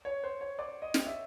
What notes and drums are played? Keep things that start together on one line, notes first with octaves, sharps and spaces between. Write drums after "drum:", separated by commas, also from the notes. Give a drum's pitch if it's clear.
C#5
C5
C#5
D5
D#5
drum: snare
E5